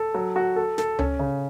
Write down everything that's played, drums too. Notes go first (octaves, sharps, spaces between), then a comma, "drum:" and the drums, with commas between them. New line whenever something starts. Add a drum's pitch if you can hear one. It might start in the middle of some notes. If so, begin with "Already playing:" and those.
Already playing: A4
F#3
F#4
A4
A4, drum: snare
C#4, drum: tom C#2
C#3